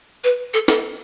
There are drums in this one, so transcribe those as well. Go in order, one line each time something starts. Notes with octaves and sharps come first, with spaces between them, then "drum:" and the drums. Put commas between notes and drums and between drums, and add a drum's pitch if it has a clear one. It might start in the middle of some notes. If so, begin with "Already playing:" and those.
B4, drum: tambourine
A4
A4, drum: snare